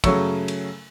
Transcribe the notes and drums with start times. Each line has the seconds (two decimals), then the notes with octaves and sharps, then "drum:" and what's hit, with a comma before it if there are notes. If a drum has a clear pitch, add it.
0.04 C#3 F#3 A3 C#6 E6, drum: kick, cymbal
0.48 drum: cymbal